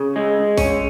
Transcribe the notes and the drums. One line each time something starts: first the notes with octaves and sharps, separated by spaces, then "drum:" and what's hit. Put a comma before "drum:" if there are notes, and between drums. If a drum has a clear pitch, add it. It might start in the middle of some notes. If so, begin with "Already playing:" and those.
Already playing: C#3
G#3
C#4, drum: kick A#1, open hi-hat